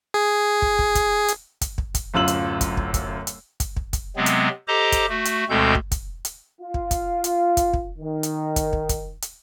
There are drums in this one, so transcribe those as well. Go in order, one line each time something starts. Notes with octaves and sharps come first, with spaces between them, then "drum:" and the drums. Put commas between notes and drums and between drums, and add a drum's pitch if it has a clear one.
G#4
drum: kick
drum: kick
drum: kick, hi-hat
drum: hi-hat
drum: kick, hi-hat
drum: kick
drum: kick, hi-hat
D1 F#2 F4 E6 F#7
drum: hi-hat
drum: kick, hi-hat
drum: kick
drum: kick, hi-hat
drum: hi-hat
drum: kick, hi-hat
drum: kick
drum: kick, hi-hat
C3 F#3 G#3 B3 C4
drum: hi-hat
G4 A4 C5 D#5 A#5 D6
drum: kick, hi-hat
A3 F#4
drum: hi-hat
D2 B2 G#3 C4 A4 G6
drum: kick
drum: kick, hi-hat
drum: hi-hat
F4
drum: kick
drum: kick, hi-hat
drum: hi-hat
drum: kick, hi-hat
drum: kick
D#3
drum: hi-hat
drum: kick, hi-hat
drum: kick
drum: kick, hi-hat
drum: hi-hat